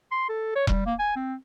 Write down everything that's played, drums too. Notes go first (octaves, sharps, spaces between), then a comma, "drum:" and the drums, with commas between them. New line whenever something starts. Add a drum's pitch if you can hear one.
C6
A4
C#5
G3, drum: kick E1
A#3
G#5
C4